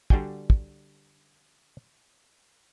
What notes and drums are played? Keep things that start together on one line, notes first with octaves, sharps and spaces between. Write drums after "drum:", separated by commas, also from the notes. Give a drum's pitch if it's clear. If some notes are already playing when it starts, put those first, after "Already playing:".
D3 G3 D4 F#4 G5 G#5, drum: kick
drum: kick